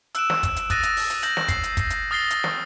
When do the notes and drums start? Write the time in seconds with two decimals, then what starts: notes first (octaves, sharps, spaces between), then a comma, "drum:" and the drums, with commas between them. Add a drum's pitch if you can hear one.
0.15 E6 F#6 D7 E7, drum: hi-hat
0.30 drum: snare
0.43 drum: kick, hi-hat
0.56 drum: hi-hat
0.70 D#6 F#6 A6 A#6 D#7, drum: kick, hi-hat
0.83 drum: hi-hat
0.97 drum: open hi-hat
1.10 drum: hi-hat
1.23 G6 A#6 D#7 F#7, drum: hi-hat
1.37 drum: snare
1.48 C7, drum: kick, hi-hat
1.64 drum: hi-hat
1.77 drum: kick, hi-hat
1.90 drum: hi-hat
2.11 D#6 F6 A6 A#6 C7 G7
2.30 drum: hi-hat
2.44 drum: snare